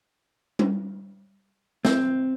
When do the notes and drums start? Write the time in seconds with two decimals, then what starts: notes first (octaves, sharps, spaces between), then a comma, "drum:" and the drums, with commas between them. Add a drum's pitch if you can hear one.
0.59 drum: tom G3
1.85 C4, drum: snare